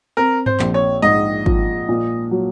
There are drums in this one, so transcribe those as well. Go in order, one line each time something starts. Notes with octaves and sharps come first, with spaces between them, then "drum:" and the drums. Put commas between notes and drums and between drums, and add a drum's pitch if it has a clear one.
C4 A#4
C5, drum: tom G2
A#1, drum: clap
C#5
G#2 D#5
F3, drum: kick
A#2
F#3